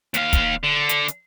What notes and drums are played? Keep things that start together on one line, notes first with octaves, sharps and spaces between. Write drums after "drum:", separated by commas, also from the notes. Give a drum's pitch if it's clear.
D#2 F5, drum: hi-hat
drum: kick, hi-hat
D3
drum: hi-hat
drum: hi-hat